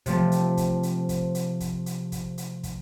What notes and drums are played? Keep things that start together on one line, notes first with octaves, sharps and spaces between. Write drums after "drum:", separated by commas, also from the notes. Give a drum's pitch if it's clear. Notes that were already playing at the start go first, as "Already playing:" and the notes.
C3 F3 A3, drum: kick, hi-hat
drum: hi-hat
drum: kick, hi-hat
drum: hi-hat
drum: kick, hi-hat
drum: hi-hat
drum: kick, hi-hat
drum: hi-hat
drum: kick, hi-hat
drum: hi-hat
drum: kick, hi-hat